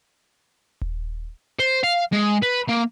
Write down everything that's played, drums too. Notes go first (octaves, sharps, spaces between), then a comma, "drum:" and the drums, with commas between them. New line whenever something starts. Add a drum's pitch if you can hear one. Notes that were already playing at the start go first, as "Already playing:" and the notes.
drum: kick D#1
C5
F5
G#3
B4
A#3